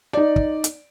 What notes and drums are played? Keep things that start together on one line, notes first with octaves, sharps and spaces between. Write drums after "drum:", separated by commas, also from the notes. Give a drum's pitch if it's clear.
D#4 D5
drum: kick
drum: hi-hat